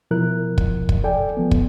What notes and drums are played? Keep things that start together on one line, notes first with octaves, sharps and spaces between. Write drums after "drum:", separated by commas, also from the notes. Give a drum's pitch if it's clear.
B2 F3 E4 A#4 F#6
drum: kick
drum: kick
A4 D5 G5 G#5
F3 B3
drum: kick